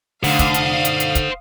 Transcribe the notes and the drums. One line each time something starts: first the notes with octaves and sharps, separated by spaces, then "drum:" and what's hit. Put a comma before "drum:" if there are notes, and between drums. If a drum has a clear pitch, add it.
D3 C5 F5 F#5 D#6, drum: open hi-hat
drum: kick, hi-hat
drum: hi-hat
drum: hi-hat
drum: hi-hat
drum: kick, hi-hat